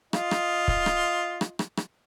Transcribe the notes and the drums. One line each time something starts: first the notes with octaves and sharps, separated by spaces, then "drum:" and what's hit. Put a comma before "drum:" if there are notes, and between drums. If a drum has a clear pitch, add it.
F4 D#5, drum: rim click
drum: rim click
drum: kick
drum: rim click
drum: rim click
drum: rim click
drum: rim click